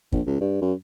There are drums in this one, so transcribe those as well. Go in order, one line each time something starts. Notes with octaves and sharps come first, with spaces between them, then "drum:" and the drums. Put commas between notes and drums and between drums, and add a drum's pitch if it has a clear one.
A#1, drum: kick
C#2
G2
F#2